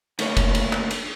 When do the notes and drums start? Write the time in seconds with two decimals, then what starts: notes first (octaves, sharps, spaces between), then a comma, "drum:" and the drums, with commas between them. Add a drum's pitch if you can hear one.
0.19 D3 A3 A#3 C#5, drum: cymbal
0.37 drum: kick F1, cymbal
0.55 drum: cymbal
0.73 drum: clap
0.91 drum: cymbal